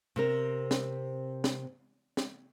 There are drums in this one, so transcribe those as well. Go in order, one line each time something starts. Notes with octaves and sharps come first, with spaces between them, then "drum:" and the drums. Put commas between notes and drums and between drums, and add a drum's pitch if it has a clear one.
C3 C4 A#4
drum: snare
drum: snare
drum: snare